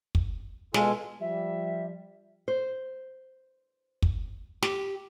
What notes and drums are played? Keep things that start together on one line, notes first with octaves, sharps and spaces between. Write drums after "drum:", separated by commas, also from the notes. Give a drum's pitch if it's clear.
drum: kick
B2 G#3 F4 A4 G#5, drum: snare
F3 G3 E5
C5
drum: kick
G4, drum: snare